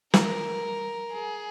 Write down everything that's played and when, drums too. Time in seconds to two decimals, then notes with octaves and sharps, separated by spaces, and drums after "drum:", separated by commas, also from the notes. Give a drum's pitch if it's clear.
0.14 A#4, drum: snare
1.14 G#4